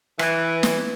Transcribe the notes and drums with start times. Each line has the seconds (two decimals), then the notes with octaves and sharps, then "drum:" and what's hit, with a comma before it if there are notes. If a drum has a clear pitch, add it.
0.19 E3, drum: rim click
0.63 drum: snare